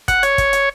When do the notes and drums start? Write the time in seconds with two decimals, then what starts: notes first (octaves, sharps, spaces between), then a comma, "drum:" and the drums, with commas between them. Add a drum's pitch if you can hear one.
0.08 F#5, drum: kick, hi-hat
0.23 C#5, drum: hi-hat
0.38 drum: kick, hi-hat
0.53 drum: hi-hat